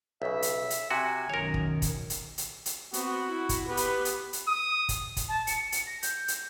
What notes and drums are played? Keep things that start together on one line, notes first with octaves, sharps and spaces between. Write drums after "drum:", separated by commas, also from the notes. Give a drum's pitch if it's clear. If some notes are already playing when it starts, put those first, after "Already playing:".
B1 C#3 E5
drum: hi-hat
drum: hi-hat
C3 F#4 G#5
B1 F#2 D#3 A#4 C#5
drum: kick
drum: kick, hi-hat
drum: hi-hat
drum: hi-hat
drum: hi-hat
B3 C4 F#4, drum: hi-hat
E4
drum: kick, hi-hat
B3 G4 B4
drum: hi-hat
drum: hi-hat
drum: hi-hat
D#6
drum: kick, hi-hat
drum: kick, hi-hat
A5
C#7, drum: hi-hat
drum: hi-hat
A#6
G6, drum: hi-hat
drum: hi-hat